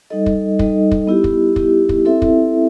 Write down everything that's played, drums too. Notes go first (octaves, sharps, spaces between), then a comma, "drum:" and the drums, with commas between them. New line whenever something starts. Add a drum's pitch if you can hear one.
G3 D#4 A4 D#5
drum: kick
G3 D#4 A4 D#5, drum: kick
drum: kick
B3 E4 G4
drum: kick
B3 E4 G4, drum: kick
drum: kick
C4 E4 A4 E5
drum: kick